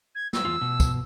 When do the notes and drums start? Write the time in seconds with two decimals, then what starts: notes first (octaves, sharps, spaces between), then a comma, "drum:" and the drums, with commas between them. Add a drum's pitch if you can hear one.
0.15 G#6
0.33 E6, drum: snare
0.45 E2 F4
0.61 B2
0.80 drum: kick, tambourine